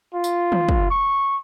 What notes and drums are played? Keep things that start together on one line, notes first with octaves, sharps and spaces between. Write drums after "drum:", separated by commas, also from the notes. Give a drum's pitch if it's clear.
F4
drum: tambourine
drum: tom D#3
drum: kick
C#6